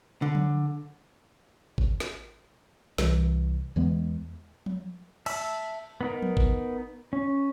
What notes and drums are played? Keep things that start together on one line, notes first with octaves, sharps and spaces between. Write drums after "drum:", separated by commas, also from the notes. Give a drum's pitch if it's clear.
D3
drum: tom F3
drum: kick G#1
drum: snare
C2 C3 E3, drum: snare
E2 E3 G#3 B3
drum: tom F3
E5 A5 E6, drum: cymbal
B3 D#4 A#4
drum: tom F3
drum: kick G#1
C#4